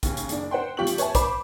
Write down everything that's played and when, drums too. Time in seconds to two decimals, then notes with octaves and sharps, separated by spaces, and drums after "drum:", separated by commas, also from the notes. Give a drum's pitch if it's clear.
0.03 D#2 C#3, drum: kick A#1, hi-hat
0.17 drum: hi-hat
0.29 F#1 D4, drum: hi-hat
0.51 C5 F#5 G5 C6
0.77 G#1 F3 F4 G4 C#6 F#7
0.87 drum: hi-hat
0.98 B4 C#5 E5 G#5 A5, drum: hi-hat
1.15 C5 B5 D6, drum: kick A#1, hi-hat